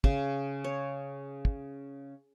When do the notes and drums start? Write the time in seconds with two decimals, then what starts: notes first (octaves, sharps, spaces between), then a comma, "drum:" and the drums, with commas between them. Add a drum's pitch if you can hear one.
0.04 C#3, drum: kick
0.64 C#5
1.45 drum: kick